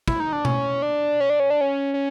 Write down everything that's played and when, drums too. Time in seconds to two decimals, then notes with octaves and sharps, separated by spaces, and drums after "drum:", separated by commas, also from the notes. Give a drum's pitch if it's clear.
0.08 E4, drum: kick
0.20 D#4
0.33 D4
0.45 C#4, drum: tom B2
0.82 D4
1.20 C#4
1.30 D4
1.40 C#4
1.50 D4
1.61 C#4
1.94 C#4